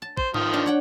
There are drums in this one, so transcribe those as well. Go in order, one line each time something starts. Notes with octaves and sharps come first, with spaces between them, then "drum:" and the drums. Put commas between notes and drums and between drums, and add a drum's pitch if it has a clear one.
A5
C5, drum: kick
D#3 F3 D#6, drum: tom G#2
D4
C#5 F#5 G5